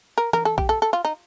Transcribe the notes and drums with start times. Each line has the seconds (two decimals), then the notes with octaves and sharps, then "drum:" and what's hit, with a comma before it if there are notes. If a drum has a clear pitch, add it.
0.18 A#4
0.33 A#4, drum: tom
0.45 A4
0.58 G4, drum: kick A#1
0.69 A4
0.82 A4
0.93 F4
1.05 D#4